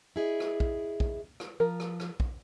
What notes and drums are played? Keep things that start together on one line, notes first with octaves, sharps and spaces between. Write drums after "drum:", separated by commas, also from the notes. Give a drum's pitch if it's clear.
E4 G#4 D#5
drum: rim click
drum: kick
drum: kick
drum: rim click
F3 A#4
drum: rim click
drum: rim click
drum: kick